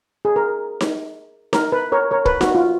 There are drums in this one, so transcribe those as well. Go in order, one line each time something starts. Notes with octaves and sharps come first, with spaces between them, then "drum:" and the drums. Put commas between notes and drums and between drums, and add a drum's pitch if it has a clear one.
G#4
A#4
drum: snare D#4
A#4, drum: snare D#4
B4
A#4 C#5
A#4 C#5
B4, drum: kick
F#4, drum: snare D#4
F4